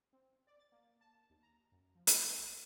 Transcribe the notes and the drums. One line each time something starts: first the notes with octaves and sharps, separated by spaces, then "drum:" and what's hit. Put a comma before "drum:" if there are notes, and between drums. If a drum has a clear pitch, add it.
C4
D5
A6
A#3
A5
D#2
A#5
F#2
F3
D#5, drum: hi-hat
A1